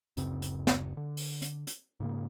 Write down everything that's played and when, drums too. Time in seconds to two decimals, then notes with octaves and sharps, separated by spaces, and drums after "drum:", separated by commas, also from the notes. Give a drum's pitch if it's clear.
0.17 D1 F#2 C#3 C4, drum: hi-hat
0.42 drum: hi-hat
0.67 drum: snare
0.97 D3
1.17 drum: open hi-hat
1.42 drum: hi-hat
1.67 drum: hi-hat
2.00 G#2 C#3 A#3